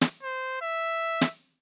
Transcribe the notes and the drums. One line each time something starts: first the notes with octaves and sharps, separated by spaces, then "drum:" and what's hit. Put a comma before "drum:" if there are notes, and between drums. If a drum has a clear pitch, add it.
drum: snare
C5
E5
drum: snare